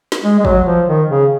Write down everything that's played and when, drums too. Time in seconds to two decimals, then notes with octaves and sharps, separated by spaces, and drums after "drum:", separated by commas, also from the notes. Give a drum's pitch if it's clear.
0.12 drum: snare
0.24 G#3
0.40 G#3
0.45 F#3, drum: kick
0.66 F3
0.88 D#3
1.10 C#3